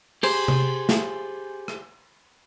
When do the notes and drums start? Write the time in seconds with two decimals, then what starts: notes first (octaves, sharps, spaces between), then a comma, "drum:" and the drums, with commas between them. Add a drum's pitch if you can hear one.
0.23 G4 G#4 C5, drum: cymbal
0.48 drum: tom C3
0.89 drum: snare
1.68 drum: rim click